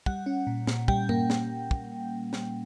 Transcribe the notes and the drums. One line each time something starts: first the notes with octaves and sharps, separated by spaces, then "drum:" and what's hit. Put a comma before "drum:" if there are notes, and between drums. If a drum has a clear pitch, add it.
G3 F#5, drum: kick
C#4
A#2
A#2, drum: snare
G3 G5, drum: kick
A#3, drum: tom G2
drum: snare
drum: kick
drum: snare